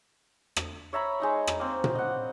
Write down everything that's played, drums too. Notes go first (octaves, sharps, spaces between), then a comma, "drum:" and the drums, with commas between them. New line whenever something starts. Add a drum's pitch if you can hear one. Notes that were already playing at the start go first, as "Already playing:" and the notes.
drum: rim click
C#5 E5 A#5 B5
G#3 D#4 A#5
drum: rim click
A#3 C4
drum: tom A#2
D#5 F#5